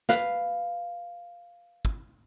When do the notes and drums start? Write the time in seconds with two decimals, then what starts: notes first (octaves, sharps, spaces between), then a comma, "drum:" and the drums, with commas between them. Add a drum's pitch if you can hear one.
0.09 B4 F5, drum: snare
1.85 drum: kick